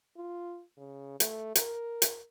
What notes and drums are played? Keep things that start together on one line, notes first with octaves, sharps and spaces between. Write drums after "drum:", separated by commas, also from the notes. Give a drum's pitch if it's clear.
F4
C#3
A3, drum: hi-hat
A#4, drum: hi-hat
drum: hi-hat